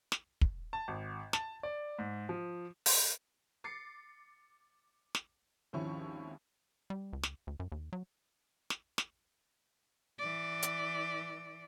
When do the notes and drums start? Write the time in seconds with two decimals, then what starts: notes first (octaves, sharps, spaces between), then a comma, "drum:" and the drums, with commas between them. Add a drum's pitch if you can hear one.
0.12 drum: snare
0.41 drum: kick
0.73 A5
0.88 G#1
1.33 A5, drum: snare
1.63 D5
1.99 G#2
2.29 F3
2.86 drum: open hi-hat
3.64 D6 A6 C7 C#7
5.15 drum: snare
5.73 G#1 D#2 F3 C#4 E4 C#6
6.90 G3
7.13 C#2
7.23 drum: snare
7.47 D2
7.60 F#2
7.72 D#2
7.93 F#3
8.70 drum: snare
8.98 drum: snare
10.19 E3 D5
10.63 drum: hi-hat